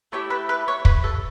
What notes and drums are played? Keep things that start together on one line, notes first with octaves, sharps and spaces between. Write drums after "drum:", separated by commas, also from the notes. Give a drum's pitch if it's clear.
A3 E4 G4 C#5
B4
B4
C#5
B4, drum: kick
A4